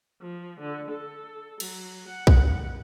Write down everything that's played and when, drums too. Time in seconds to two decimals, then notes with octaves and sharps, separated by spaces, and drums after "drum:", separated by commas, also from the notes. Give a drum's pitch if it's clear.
0.22 F3
0.59 D3
0.89 A4
1.60 F#3, drum: cymbal
2.06 F#5
2.27 drum: kick